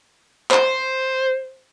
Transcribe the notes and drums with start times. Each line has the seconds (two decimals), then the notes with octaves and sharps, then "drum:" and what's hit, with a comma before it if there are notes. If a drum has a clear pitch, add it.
0.51 C5, drum: clap